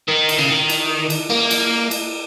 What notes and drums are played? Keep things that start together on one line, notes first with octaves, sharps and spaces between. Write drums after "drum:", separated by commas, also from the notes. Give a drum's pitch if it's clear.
D#3
drum: cymbal
C#3
D#3
drum: cymbal
drum: cymbal
A#3
drum: cymbal
drum: cymbal